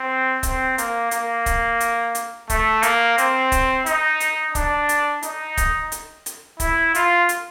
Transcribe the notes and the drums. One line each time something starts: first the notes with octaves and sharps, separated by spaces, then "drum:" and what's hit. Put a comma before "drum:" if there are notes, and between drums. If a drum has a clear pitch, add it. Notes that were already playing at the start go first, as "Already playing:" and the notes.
Already playing: C4
C4, drum: kick, hi-hat
A#3, drum: hi-hat
A#3, drum: hi-hat
drum: kick, hi-hat
drum: hi-hat
drum: hi-hat
A3, drum: kick, hi-hat
A#3, drum: hi-hat
C4, drum: hi-hat
drum: kick, hi-hat
D#4, drum: hi-hat
drum: hi-hat
D4, drum: kick, hi-hat
drum: hi-hat
D#4, drum: hi-hat
drum: kick, hi-hat
drum: hi-hat
drum: hi-hat
E4, drum: kick, hi-hat
F4, drum: hi-hat
drum: hi-hat